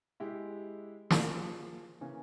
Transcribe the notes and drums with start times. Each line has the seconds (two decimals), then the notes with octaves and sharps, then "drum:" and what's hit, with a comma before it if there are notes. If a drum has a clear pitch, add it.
0.20 G#3 E4 G4
1.10 F3 A#3 F4 G#4, drum: snare
2.01 C#3 E3 A#3 C#4